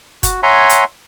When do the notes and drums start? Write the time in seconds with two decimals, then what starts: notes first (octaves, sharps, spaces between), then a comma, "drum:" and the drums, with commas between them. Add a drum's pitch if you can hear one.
0.23 F#4, drum: kick F#1, hi-hat
0.43 C#5 E5 F#5 G#5 A#5 C6
0.69 drum: hi-hat